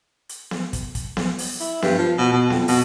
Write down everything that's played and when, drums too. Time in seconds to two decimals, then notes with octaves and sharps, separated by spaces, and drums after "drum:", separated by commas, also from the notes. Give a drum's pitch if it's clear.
0.29 drum: hi-hat
0.51 drum: snare B3
0.73 drum: kick, hi-hat
0.95 drum: kick, hi-hat
1.17 drum: snare B3
1.39 drum: open hi-hat
1.60 E4, drum: hi-hat
1.82 G2, drum: snare B3
1.98 F3
2.18 B2
2.33 B2
2.50 F2, drum: snare B3
2.68 B2, drum: open hi-hat